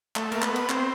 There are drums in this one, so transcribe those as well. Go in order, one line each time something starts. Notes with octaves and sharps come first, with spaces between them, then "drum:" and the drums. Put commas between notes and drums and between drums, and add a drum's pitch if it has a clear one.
A3, drum: clap
A#3, drum: cymbal
B3, drum: clap
drum: cymbal
C4, drum: clap